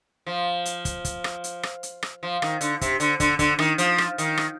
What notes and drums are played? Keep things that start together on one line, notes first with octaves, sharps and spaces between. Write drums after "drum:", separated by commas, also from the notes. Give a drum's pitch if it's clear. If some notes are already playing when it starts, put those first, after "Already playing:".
F3
drum: hi-hat
drum: kick, hi-hat
drum: kick, hi-hat
drum: rim click
drum: hi-hat
drum: rim click
drum: hi-hat
drum: rim click
F3
D#3, drum: rim click
D3, drum: hi-hat
C3, drum: kick, hi-hat
D3, drum: hi-hat
D3, drum: kick, hi-hat
D3, drum: kick, hi-hat
D#3, drum: rim click
F3, drum: hi-hat
drum: rim click
D#3, drum: hi-hat
drum: rim click